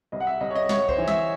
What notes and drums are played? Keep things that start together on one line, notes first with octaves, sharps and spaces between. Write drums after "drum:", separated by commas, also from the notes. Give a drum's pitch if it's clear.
C2 D#5
F#5
E5
C2 D#5
C#5
D#5
C2 C#5, drum: snare
C5, drum: kick C2
E3
E5, drum: snare